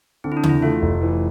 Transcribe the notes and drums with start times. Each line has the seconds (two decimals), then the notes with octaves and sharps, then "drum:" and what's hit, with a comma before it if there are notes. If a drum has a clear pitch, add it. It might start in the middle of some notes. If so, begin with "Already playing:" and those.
0.24 D3 C4
0.32 E4
0.37 D4
0.43 E2, drum: tom C#3
0.49 E4
0.62 A3 F4
0.82 F1
1.01 E3